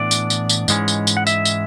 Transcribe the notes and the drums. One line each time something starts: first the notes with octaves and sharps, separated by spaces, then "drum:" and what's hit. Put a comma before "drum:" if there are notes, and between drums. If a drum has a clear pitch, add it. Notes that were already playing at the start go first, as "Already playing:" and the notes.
Already playing: A2 E3 B3 D4 D5
drum: tambourine
drum: tambourine
drum: tambourine
G#2 E3 G#3 C#4, drum: tambourine
drum: tambourine
drum: tambourine
F#5
E5, drum: tambourine
drum: tambourine